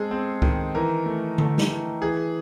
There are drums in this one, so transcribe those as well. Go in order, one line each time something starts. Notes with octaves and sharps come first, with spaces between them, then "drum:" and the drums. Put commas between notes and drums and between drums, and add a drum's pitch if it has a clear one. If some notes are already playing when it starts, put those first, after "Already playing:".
Already playing: G#3 C4 G#4 A4
C4
D#3, drum: kick C#2
E3 A#4
A3
A3 A4, drum: tom D3
drum: snare
E3
E3 G#4